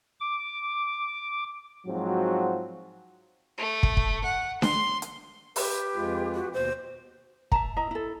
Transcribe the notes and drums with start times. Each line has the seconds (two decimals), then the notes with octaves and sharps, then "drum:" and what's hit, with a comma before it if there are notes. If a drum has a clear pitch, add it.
0.20 D6
1.87 G#2 F3 F#3 C4 F#4
3.58 A3
3.83 drum: kick
3.97 drum: kick
4.25 F#5
4.62 C6, drum: snare D4
5.02 drum: hi-hat
5.56 G4 B4, drum: open hi-hat
5.96 F2 G#3 F4
6.35 F#4
6.53 D#2 B2 C5
7.52 E5 A5 A#5, drum: kick
7.77 E4 D#5 A#5
7.91 E4 A4